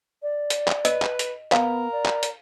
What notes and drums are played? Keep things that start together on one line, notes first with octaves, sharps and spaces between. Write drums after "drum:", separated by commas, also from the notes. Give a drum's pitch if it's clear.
D5
drum: hi-hat
drum: clap
B4 D#5, drum: hi-hat
drum: clap
drum: hi-hat
B3 A#4 F5, drum: clap
D5
drum: clap
drum: hi-hat